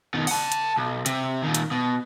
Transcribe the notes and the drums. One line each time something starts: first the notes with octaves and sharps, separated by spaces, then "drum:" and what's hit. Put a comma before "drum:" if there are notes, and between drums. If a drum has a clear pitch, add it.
B2 D#3
F#5 A5, drum: open hi-hat
drum: hi-hat
B1
C3, drum: hi-hat
A#2 D#3
drum: hi-hat
B2